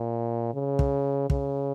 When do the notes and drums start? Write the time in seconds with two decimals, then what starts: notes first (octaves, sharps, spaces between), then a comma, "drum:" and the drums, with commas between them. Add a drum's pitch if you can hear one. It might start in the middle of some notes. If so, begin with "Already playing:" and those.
Already playing: A#2
0.54 C#3
0.79 drum: kick
1.30 C#3, drum: kick